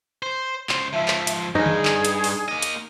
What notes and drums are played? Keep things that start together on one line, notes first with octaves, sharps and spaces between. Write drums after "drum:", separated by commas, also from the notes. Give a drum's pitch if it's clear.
C5
C#2 C5, drum: clap
G#2 F3 E5
drum: clap
drum: hi-hat
G2 D#4 G#4
drum: tom D3
drum: clap
drum: hi-hat
drum: open hi-hat
A#3 D#5
drum: hi-hat